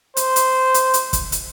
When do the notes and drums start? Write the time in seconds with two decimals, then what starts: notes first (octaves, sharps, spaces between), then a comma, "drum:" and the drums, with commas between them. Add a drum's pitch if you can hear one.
0.17 C5, drum: hi-hat
0.36 drum: hi-hat
0.74 drum: hi-hat
0.94 drum: hi-hat
1.13 drum: kick, hi-hat
1.32 drum: hi-hat